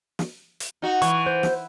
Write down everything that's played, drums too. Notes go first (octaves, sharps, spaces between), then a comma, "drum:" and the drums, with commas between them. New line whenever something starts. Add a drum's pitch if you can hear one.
drum: snare
drum: hi-hat
D#4 F#4
E3 C#6, drum: hi-hat
C5
drum: snare